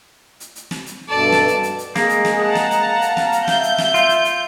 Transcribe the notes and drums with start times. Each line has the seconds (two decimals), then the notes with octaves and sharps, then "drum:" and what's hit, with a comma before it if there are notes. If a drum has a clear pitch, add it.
0.40 drum: hi-hat
0.56 drum: hi-hat
0.71 drum: snare
0.86 drum: hi-hat
1.10 G2 B2 A4 D5 A5
1.32 drum: snare
1.48 drum: hi-hat
1.63 drum: hi-hat
1.78 drum: hi-hat
1.95 G#3 A#3 G#4, drum: snare
2.09 drum: hi-hat
2.25 drum: snare
2.40 F#5 A5 A#5
2.55 drum: snare
2.71 drum: hi-hat
2.82 F5
3.01 drum: hi-hat
3.17 drum: snare
3.32 drum: hi-hat
3.48 E5 G6, drum: snare
3.63 drum: hi-hat
3.78 drum: snare
3.94 F4, drum: hi-hat
4.09 drum: hi-hat
4.24 drum: hi-hat